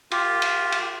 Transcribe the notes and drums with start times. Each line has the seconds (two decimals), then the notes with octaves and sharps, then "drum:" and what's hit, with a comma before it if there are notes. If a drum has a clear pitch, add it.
0.11 F4 G4, drum: cymbal
0.42 drum: cymbal
0.72 drum: cymbal